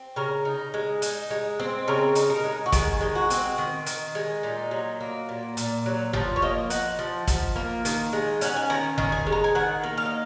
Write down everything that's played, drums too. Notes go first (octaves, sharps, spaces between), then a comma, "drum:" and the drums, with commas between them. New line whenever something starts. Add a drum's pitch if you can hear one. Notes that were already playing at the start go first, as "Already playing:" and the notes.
Already playing: C4
C#3 A#4
D#4
G#3
D#4, drum: hi-hat
G#3
C4
C#3 A#4
D#4, drum: hi-hat
A#4
G#3
F#4
D#3 G#4, drum: kick, hi-hat
G#3
F#4
C4, drum: hi-hat
D#3
D#3, drum: hi-hat
G#3
A#2 D#4
F#3
A#3
A#2
A#2, drum: hi-hat
F#3
F3 C5, drum: tom G1
C#5
A#3 D#5
D#4 F#5, drum: hi-hat
F3
F3, drum: kick, hi-hat
A#3
D#3, drum: hi-hat
G#3
C#4 F#5, drum: hi-hat
G#5
D#3 A#5
D#3, drum: tom G1
G#5
G#3
A#5
G#5
D#3 F#5
A#3
F5
D#5